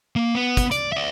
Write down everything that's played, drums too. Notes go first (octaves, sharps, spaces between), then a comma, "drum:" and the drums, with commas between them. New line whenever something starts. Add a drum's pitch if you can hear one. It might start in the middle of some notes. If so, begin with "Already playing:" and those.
A#3
B3
drum: kick, hi-hat
D5, drum: hi-hat
D5 E5